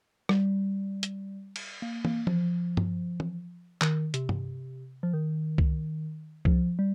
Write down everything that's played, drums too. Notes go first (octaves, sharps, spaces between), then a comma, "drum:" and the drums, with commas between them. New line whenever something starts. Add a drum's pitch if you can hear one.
G3, drum: rim click
drum: hi-hat
drum: cymbal
A#3
A#3, drum: tom
F3, drum: tom
drum: tom G2
drum: tom
D#3, drum: clap
C3, drum: hi-hat
drum: tom G2
F3
D#3
drum: kick C2
F3, drum: kick C2
G3